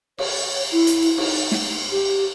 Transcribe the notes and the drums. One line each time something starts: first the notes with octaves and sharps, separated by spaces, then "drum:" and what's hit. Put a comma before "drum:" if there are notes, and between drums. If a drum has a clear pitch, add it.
C#5, drum: cymbal
E4
drum: hi-hat
drum: cymbal
D#4, drum: cymbal
drum: snare
G4